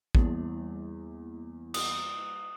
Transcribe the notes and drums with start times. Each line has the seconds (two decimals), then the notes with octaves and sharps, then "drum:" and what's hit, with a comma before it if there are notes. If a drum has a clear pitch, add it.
0.15 E2 G3 A#3 E4, drum: kick
1.74 D#6, drum: cymbal